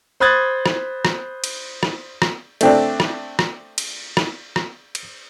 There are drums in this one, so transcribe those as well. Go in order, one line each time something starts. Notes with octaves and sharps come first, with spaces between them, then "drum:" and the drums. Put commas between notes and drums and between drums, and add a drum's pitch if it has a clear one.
C5 B5 D#6 F#6 G#6 A6
drum: rim click
drum: rim click
drum: cymbal
drum: rim click
drum: rim click
A3 C4 D4, drum: cymbal
drum: rim click
drum: rim click
drum: cymbal
drum: rim click
drum: rim click
drum: cymbal